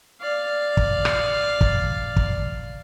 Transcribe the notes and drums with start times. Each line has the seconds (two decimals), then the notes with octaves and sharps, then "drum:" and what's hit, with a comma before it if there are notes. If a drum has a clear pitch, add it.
0.21 D5 F5
0.77 drum: kick
1.05 drum: rim click
1.61 drum: kick
2.16 drum: kick